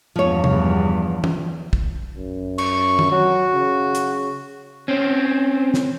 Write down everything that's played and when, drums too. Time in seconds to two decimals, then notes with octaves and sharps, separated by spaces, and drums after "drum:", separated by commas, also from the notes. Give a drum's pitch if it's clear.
0.16 E2 G2 F3 C#5
0.44 drum: tom C3
1.24 drum: tom
1.73 drum: kick
2.16 F#2
2.58 C#6, drum: cymbal
2.99 drum: tom
3.11 F#3 F#4
3.55 C#3
3.95 drum: hi-hat
4.88 C4 C#4
5.74 drum: snare